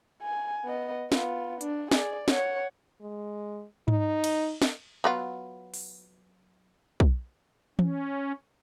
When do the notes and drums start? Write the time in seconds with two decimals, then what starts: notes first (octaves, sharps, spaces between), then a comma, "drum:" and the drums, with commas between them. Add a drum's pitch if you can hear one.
0.22 G#5
0.64 B3 D#5
1.12 B3 F4, drum: snare
1.61 D4, drum: hi-hat
1.91 G#4 D5, drum: snare
2.28 C#5 F#5, drum: snare
3.01 G#3
3.88 D#4, drum: tom G#2
4.24 drum: cymbal
4.62 drum: snare
5.04 F#3 B3 F4
5.74 drum: open hi-hat
7.00 drum: kick
7.79 C#4, drum: tom E3